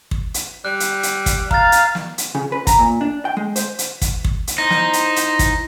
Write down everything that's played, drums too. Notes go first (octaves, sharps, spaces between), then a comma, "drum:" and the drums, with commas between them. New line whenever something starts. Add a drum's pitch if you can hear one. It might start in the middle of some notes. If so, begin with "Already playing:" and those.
drum: kick
drum: hi-hat
G3 F#6
drum: hi-hat
drum: hi-hat
drum: kick, hi-hat
F5 A#5 F6 A6, drum: kick
drum: hi-hat
drum: snare
drum: hi-hat
C#3
B4
A#5, drum: kick, hi-hat
A#2
D4
G5
G#3
C5, drum: hi-hat
drum: hi-hat
drum: kick, hi-hat
drum: kick
drum: hi-hat
D#4 E4 C5 A#6
drum: snare
drum: hi-hat
drum: hi-hat
drum: kick, hi-hat